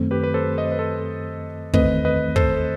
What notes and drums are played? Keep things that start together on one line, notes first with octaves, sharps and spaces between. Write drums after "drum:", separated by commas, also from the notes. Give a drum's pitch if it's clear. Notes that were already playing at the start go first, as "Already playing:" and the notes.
Already playing: F#2 D#3 A3 C4
G4 B4
B4
A4 C5
D#5
C5
B4
A4 C5
E2 D#3 A3 C4 B4 D#5, drum: kick
B4 D#5
A4 C5, drum: kick